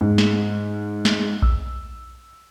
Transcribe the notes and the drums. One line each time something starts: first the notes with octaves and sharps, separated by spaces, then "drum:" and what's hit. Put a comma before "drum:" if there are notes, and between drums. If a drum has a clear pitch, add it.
G#2
drum: snare
drum: snare
E6, drum: kick A#1